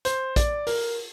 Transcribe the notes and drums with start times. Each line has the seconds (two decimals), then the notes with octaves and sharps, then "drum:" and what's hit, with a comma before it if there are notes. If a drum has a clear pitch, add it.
0.05 C5, drum: hi-hat
0.36 D5, drum: kick A#1, hi-hat
0.67 A#4, drum: open hi-hat